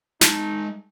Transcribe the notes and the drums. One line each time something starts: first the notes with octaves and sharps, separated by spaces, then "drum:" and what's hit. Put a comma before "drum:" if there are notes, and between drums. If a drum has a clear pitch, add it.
G#3 D#4 A5, drum: snare